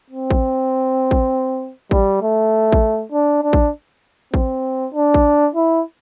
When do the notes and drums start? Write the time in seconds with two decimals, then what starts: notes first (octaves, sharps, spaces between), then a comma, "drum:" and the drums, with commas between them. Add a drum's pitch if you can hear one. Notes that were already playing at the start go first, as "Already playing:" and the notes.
0.10 C4
0.30 drum: kick A1
1.11 drum: kick A1
1.91 G3, drum: kick A1
2.22 A3
2.72 drum: kick A1
3.12 D4
3.43 D4
3.53 drum: kick A1
4.34 C4, drum: kick A1
4.94 D4
5.14 drum: kick A1
5.55 E4